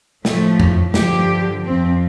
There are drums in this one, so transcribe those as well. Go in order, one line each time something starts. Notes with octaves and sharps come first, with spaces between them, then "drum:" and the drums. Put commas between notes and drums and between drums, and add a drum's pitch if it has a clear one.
A2 F3 A3, drum: snare
drum: tom F2
G2 D3 F3 G4, drum: snare
F2 F3 C4